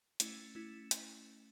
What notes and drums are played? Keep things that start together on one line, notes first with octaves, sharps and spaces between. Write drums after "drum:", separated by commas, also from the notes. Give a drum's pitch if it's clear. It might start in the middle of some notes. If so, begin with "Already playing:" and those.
A3 C#4 E4, drum: hi-hat
A3 C#4 E4
drum: hi-hat